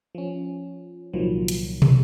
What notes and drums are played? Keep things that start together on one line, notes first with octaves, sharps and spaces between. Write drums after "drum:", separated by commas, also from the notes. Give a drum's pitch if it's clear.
F3 C#4
C2 A#2 D#3 F3 F#3
drum: hi-hat
drum: tom